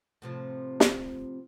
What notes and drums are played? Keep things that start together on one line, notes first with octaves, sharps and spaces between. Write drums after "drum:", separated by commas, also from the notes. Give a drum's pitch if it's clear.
A2 C3 F3
drum: snare